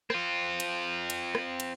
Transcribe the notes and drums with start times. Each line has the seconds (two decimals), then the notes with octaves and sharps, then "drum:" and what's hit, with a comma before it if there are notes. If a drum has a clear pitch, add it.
0.10 C4 F4, drum: rim click
0.60 drum: cymbal
1.10 drum: cymbal
1.35 drum: rim click
1.60 drum: cymbal